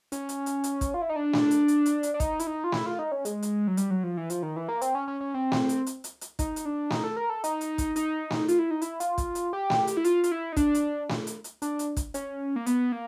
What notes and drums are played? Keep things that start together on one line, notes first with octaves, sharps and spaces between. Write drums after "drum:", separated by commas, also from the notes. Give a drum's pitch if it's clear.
C#4, drum: hi-hat
drum: hi-hat
drum: hi-hat
drum: hi-hat
drum: kick, hi-hat
F4
E4
D#4
D4
drum: snare A3
drum: hi-hat
drum: hi-hat
drum: hi-hat
drum: hi-hat
D4
D#4, drum: kick, hi-hat
E4, drum: hi-hat
D#4
F4
E4, drum: snare A3
F4
D#4
C#4
G#3, drum: hi-hat
drum: hi-hat
F#3
G3, drum: hi-hat
F#3
F3
E3
F3, drum: hi-hat
D#3
E3
A#3
C4, drum: hi-hat
C#4
C#4
C#4
C4
drum: snare A3
drum: hi-hat
drum: hi-hat
drum: hi-hat
drum: hi-hat
D#4, drum: kick, hi-hat
drum: hi-hat
D4
D#4, drum: snare A3
A4
A#4
A4
D#4, drum: hi-hat
drum: hi-hat
drum: kick, hi-hat
D#4, drum: hi-hat
drum: snare A3
F4, drum: hi-hat
E4
D#4
E4, drum: hi-hat
F4, drum: hi-hat
drum: kick, hi-hat
drum: hi-hat
G4
drum: snare A3
drum: hi-hat
E4
F4, drum: hi-hat
F4, drum: hi-hat
E4
D#4
D4, drum: kick, hi-hat
drum: hi-hat
drum: snare A3
drum: hi-hat
drum: hi-hat
D4, drum: hi-hat
drum: hi-hat
drum: kick, hi-hat
C#4, drum: hi-hat
A#3
B3, drum: hi-hat
A#3